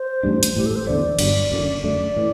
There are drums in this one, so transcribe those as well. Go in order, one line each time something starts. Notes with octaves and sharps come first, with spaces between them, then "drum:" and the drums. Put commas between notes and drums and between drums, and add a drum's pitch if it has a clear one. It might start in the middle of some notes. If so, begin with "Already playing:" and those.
Already playing: C5
A1 A2 G3 D4
drum: hi-hat
A1 A2 G3 G4
A4
C5
E2 D3 A3 D5
G1 G2 F#3, drum: cymbal
F#1 F#2 D3
F#2 D3 A3 D5
A2 E3